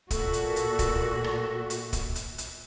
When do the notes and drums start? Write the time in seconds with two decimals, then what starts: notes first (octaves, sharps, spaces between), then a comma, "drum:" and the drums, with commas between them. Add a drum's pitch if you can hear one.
0.11 A#2 F#4 A4, drum: kick, hi-hat
0.33 drum: hi-hat
0.56 drum: hi-hat
0.79 drum: kick, hi-hat
1.24 drum: rim click
1.70 drum: hi-hat
1.93 drum: kick, hi-hat
2.15 drum: hi-hat
2.38 drum: hi-hat